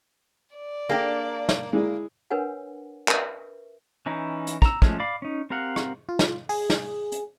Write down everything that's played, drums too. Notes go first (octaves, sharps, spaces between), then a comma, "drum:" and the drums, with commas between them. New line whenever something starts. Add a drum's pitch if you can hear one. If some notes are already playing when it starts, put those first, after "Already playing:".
D5
A#3 D4 G#4 G5
drum: snare
G#3 E4 G#4
D4 A#4 B4 C#5 F#5 G#5
A#4 B4 E5, drum: clap
E3 C#4 D#4 E4
drum: hi-hat
A#5 E6, drum: kick
F3 G#3 A3 C#4, drum: kick
D5 F5 B5 D6
C#4 D#4
C4 G4 A#4 F5 F#5
drum: rim click
F4
drum: snare
G#4, drum: open hi-hat
drum: snare
drum: hi-hat